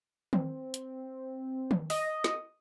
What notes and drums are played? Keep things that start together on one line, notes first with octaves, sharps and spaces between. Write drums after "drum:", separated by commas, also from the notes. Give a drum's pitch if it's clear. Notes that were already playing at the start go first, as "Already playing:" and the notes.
C4, drum: tom D#3
drum: hi-hat
drum: tom D#3
D#5, drum: open hi-hat
drum: snare